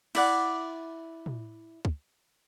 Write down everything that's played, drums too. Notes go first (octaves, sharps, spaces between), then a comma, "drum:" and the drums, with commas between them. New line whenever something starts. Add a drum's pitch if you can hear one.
E4 D5 F#5, drum: cymbal
drum: tom
drum: kick